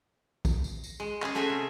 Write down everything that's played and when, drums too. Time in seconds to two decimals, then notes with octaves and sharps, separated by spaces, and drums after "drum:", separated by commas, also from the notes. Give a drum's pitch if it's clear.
0.45 drum: kick, tambourine
0.64 drum: tambourine
0.84 drum: tambourine
1.00 G#3
1.22 C#4 G#4, drum: clap
1.35 A3 C#4 F#4 G#4 C5 E5
1.50 C3